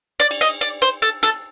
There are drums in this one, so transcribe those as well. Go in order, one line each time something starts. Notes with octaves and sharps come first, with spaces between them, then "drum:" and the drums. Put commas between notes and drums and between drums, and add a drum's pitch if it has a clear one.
D5
drum: cymbal
D#5
D5
C5
A4
A4, drum: hi-hat